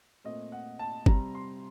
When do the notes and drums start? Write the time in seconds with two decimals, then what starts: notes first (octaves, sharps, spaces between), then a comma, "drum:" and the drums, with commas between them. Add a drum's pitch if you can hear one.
0.24 A#2 A3 C4 D#5
0.52 F#5
0.79 A5
1.06 C3 G3 C4 A#5, drum: kick
1.35 C6